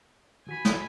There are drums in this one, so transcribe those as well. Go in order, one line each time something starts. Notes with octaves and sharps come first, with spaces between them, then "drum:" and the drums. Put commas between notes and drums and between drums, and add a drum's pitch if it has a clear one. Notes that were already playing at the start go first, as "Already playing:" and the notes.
D#3 F#4 G#5 B5 B6
drum: snare